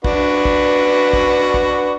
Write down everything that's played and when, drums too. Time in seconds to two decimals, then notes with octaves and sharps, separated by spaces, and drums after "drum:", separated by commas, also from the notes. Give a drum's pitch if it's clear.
0.04 D4 F#4 B4, drum: kick
0.45 drum: kick
1.13 drum: kick
1.54 drum: kick